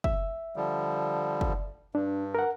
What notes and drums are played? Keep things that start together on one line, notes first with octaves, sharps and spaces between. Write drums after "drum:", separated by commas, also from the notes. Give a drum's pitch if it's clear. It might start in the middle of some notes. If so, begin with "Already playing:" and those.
E5, drum: kick
D3 F3 G3
drum: kick
G2 D4
A#4 F#5